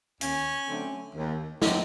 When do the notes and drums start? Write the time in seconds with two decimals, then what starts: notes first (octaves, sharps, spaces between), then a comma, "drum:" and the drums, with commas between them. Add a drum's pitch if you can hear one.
0.21 D#2 C#4, drum: hi-hat
0.69 D3 F#3 A3 C4
1.16 D#2
1.62 D3 F#3 A3 C4, drum: snare